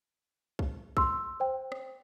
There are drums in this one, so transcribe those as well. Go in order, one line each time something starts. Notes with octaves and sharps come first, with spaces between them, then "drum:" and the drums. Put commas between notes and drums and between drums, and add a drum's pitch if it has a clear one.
drum: kick B1
C6 E6, drum: kick B1
C5 G5
drum: rim click